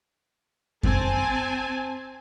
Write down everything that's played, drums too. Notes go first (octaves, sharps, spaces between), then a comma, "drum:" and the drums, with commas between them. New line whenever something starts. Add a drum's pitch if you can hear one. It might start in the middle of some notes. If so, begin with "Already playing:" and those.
C4 G#5 A5, drum: kick F#2